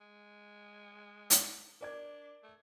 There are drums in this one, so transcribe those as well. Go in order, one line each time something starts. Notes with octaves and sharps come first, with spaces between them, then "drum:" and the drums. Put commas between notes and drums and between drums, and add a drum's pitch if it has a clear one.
G#3
drum: hi-hat
D4 A#4 D5 G#6
A3